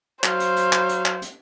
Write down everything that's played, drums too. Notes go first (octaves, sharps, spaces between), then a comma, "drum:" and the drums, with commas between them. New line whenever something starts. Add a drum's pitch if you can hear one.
F#3 C5 F5, drum: clap
drum: hi-hat
drum: hi-hat
drum: clap
drum: hi-hat
drum: clap
drum: hi-hat